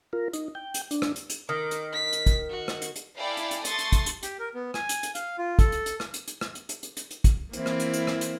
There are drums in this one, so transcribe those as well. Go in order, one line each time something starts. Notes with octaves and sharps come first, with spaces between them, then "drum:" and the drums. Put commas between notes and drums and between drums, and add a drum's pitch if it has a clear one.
F4 A#4
D#4, drum: hi-hat
G5
drum: hi-hat
D4, drum: hi-hat
drum: rim click
drum: hi-hat
drum: hi-hat
D#3 D6
drum: hi-hat
B6
drum: hi-hat
drum: kick, hi-hat
F#4
drum: rim click
drum: hi-hat
drum: hi-hat
E4 A4 D5 F5 G5 G#5
drum: hi-hat
drum: hi-hat
A3 C6 C#6 D#6 A6, drum: hi-hat
drum: hi-hat
drum: kick, hi-hat
drum: hi-hat
G4, drum: hi-hat
A#4
B3
G#5, drum: rim click
drum: hi-hat
drum: hi-hat
F5, drum: hi-hat
F4
A4, drum: kick, hi-hat
drum: hi-hat
drum: hi-hat
drum: rim click
drum: hi-hat
drum: hi-hat
drum: rim click
drum: hi-hat
drum: hi-hat
drum: hi-hat
drum: hi-hat
drum: hi-hat
drum: kick, hi-hat
E3 A#3 C4 E4, drum: hi-hat
drum: rim click
drum: hi-hat
drum: hi-hat
drum: rim click
drum: hi-hat